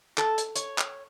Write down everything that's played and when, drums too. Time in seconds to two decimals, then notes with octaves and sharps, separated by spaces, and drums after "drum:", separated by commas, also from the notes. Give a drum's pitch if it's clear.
0.18 A4, drum: clap
0.38 drum: hi-hat
0.56 C#5, drum: hi-hat
0.78 drum: clap